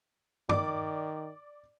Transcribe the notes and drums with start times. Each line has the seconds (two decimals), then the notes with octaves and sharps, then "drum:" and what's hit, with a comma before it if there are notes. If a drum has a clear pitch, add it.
0.49 D#3 D5 D6, drum: tom G2